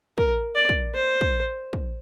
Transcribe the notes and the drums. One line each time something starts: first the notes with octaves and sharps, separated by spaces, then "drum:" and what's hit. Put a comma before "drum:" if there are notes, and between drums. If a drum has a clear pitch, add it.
A#4, drum: kick
D5
drum: kick
C5
drum: kick
drum: kick